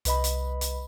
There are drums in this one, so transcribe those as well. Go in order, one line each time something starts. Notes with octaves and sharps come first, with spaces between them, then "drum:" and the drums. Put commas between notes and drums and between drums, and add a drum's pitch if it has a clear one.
C2 B4 D#5 B5, drum: hi-hat
drum: hi-hat
drum: hi-hat